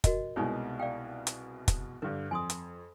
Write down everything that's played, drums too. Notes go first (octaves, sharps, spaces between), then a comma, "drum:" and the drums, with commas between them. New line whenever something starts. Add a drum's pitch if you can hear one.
F#4 A#4 D#5, drum: kick, hi-hat
C2 B2 G#3 D#4 C#5
D5 F5 G5
drum: hi-hat
drum: kick, hi-hat
G2 D3 B4
F2 G#5 C6 D#6
drum: hi-hat